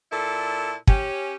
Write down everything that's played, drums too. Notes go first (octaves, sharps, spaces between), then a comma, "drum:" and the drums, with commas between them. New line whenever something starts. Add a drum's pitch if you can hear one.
A#2 E4 A4
C#4 G4, drum: kick